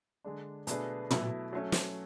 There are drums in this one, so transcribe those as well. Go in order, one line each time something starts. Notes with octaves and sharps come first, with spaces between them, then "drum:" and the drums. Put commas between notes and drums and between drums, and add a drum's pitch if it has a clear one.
D3 G#3 D4
B2 A3 D4 G#4 B4, drum: hi-hat
B2 F#3 A3 E4, drum: tom
F#3 A3 C#4
drum: snare